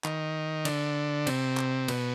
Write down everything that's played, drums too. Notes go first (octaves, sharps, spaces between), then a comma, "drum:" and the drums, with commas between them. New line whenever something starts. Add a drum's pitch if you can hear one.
D#3, drum: clap
D3, drum: cymbal
C3, drum: cymbal
drum: clap
B2, drum: cymbal